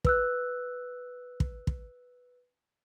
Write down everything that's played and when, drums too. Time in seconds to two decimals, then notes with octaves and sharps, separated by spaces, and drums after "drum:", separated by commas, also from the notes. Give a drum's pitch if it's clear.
0.05 B4 E6 F#6, drum: kick
1.40 drum: kick
1.67 drum: kick